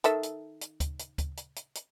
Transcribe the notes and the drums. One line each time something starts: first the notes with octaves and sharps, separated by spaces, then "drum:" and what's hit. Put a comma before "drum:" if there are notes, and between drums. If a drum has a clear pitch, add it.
D#3 A4 E5, drum: hi-hat
drum: hi-hat
drum: hi-hat
drum: kick D2, hi-hat
drum: hi-hat
drum: kick D2, hi-hat
drum: hi-hat
drum: hi-hat
drum: hi-hat